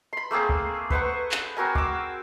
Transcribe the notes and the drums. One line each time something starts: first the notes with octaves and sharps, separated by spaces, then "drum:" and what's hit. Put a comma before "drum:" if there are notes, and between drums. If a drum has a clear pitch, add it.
B5 C6
A3 A#3 C4 G#4
drum: kick C#2
B4 C5 F#5 C#6, drum: kick C#2
drum: clap
C4 F#4 A#4 G#5
D6 E6, drum: kick C#2